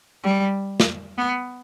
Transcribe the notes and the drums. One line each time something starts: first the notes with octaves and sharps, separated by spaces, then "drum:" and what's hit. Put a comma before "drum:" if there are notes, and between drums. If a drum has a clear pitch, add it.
G3
drum: snare
B3